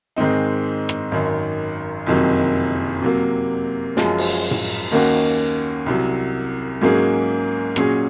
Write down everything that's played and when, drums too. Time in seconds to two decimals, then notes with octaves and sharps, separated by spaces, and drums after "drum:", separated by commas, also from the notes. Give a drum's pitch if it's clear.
0.16 G#2 D#3 G#3 C4 D#4
0.89 drum: rim click
1.12 G#1 F#2 D#3
2.06 F#1 F2 C3 D#3 F#3
3.02 C3 F#3 A#3
3.97 F#2 F3 G#3, drum: snare
4.18 drum: cymbal
4.51 drum: tom A2
4.91 D#2 D#3 A#3 C#4 F#4
5.86 C2 C3 F#3
6.81 G#2 F#3 A#3 C#4 G#4
7.76 A#2 F#3 C#4 G#4, drum: rim click